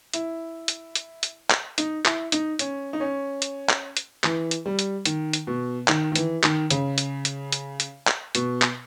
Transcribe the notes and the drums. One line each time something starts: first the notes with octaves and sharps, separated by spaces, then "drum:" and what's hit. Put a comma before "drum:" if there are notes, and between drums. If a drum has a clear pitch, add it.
E4, drum: hi-hat
drum: hi-hat
drum: hi-hat
drum: hi-hat
drum: clap
D#4, drum: hi-hat
E4, drum: clap
D#4, drum: hi-hat
C#4, drum: hi-hat
D#4
C#4
drum: hi-hat
drum: clap
drum: hi-hat
E3, drum: clap
drum: hi-hat
G3
drum: hi-hat
D#3, drum: hi-hat
drum: hi-hat
B2
D#3, drum: clap
D#3
E3, drum: hi-hat
D#3, drum: clap
C#3, drum: hi-hat
drum: hi-hat
drum: hi-hat
drum: hi-hat
drum: hi-hat
drum: clap
B2, drum: hi-hat
drum: clap